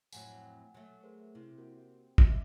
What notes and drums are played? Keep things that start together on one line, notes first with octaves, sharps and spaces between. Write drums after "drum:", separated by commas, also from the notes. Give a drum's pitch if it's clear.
F2 A2 F#3 F#5 G#5, drum: tambourine
F#3 A3
G#4 A#4 C5
C3 E4
A#3 F#4 A#4
D#5 E5 D6, drum: kick